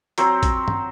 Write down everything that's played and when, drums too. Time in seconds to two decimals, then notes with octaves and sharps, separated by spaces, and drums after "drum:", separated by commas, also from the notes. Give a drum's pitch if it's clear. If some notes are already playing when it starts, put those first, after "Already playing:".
0.18 F#3 C4 C5 A#5, drum: hi-hat
0.43 drum: kick A#1, hi-hat
0.68 drum: tom G2